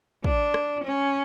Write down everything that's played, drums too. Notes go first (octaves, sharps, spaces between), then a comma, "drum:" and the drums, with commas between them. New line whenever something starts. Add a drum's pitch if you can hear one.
D4, drum: kick
drum: rim click
C#4